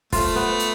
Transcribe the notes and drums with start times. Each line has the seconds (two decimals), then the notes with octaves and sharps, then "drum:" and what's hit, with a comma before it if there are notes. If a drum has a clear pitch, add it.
0.13 A3 F4, drum: kick, open hi-hat
0.36 B3
0.59 drum: hi-hat